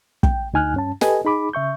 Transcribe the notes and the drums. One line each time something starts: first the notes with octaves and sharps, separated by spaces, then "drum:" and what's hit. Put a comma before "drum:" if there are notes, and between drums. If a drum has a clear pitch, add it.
G5, drum: kick
D2 D#4 G#5 F6 F#6
G2 C#4 A5
G4 A4 B4 D#5 G#5, drum: snare
D#4 G#4 B5 D6
C#3 E5 C#6 G6